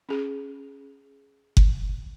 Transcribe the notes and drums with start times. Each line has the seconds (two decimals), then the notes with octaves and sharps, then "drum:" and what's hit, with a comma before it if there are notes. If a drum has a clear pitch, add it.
0.09 C#4 G#4
1.57 drum: kick F#1